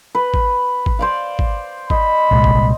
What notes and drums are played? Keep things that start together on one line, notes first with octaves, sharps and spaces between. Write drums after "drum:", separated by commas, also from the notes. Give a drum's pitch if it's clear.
B4
drum: kick
drum: kick
C5 D5 F5
drum: kick
D#5 B5, drum: kick
C2 A#2 G#3
drum: kick